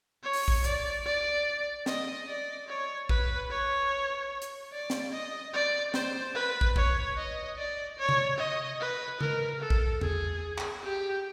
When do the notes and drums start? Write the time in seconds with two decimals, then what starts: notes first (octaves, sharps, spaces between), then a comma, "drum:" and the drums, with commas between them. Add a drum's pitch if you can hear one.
0.24 C#5
0.33 drum: open hi-hat
0.48 drum: kick
0.64 D5, drum: hi-hat
1.06 D5
1.86 D#5, drum: snare
2.28 D5
2.68 C#5
3.09 B4, drum: kick
3.50 C#5
4.42 drum: hi-hat
4.73 D5
4.90 drum: snare
5.12 D#5
5.54 D5
5.94 C5, drum: snare
6.35 B4
6.61 drum: kick
6.76 C#5, drum: kick
7.17 D#5
7.58 D5
7.99 C#5
8.09 drum: tom C3
8.38 D#5
8.80 B4
9.21 A#4, drum: tom C#3
9.61 A4
9.70 drum: kick
10.01 G#4, drum: tom E2
10.58 drum: clap
10.84 G4